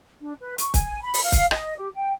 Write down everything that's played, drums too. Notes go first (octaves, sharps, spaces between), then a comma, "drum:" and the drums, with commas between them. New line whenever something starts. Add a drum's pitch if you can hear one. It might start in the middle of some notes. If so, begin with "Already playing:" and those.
D4
B4
C#6, drum: hi-hat
G#5, drum: kick, hi-hat
B5
drum: open hi-hat
F5
drum: kick, hi-hat
D#5, drum: rim click
G4
G5